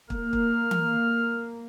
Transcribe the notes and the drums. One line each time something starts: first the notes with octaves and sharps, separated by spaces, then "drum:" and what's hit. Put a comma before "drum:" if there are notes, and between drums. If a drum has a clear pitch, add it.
A#3 F6, drum: kick
drum: kick
drum: tom E3